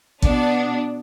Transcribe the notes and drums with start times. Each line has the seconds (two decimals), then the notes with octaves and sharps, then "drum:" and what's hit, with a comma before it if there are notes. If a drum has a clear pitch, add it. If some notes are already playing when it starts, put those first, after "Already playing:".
0.22 B2 B3 D4, drum: kick A1